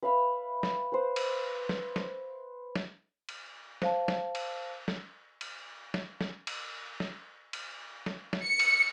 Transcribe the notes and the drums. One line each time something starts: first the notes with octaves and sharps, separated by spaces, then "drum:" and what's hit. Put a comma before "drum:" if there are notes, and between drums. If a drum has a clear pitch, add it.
B4 E5 F5 B5
drum: snare
B4 C5
drum: cymbal
drum: snare
drum: snare
drum: snare
drum: cymbal
C5 F5 A5, drum: snare
drum: snare
drum: cymbal
drum: snare
drum: cymbal
drum: snare
drum: snare
drum: cymbal
drum: snare
drum: cymbal
drum: snare
drum: snare
C#7
drum: cymbal